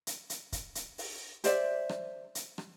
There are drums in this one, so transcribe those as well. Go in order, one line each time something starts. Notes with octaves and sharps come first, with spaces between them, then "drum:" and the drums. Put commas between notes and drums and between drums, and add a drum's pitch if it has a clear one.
drum: hi-hat
drum: hi-hat
drum: kick, hi-hat
drum: hi-hat
drum: open hi-hat
G4 C5 D5 E5, drum: hi-hat
drum: rim click
drum: hi-hat
drum: rim click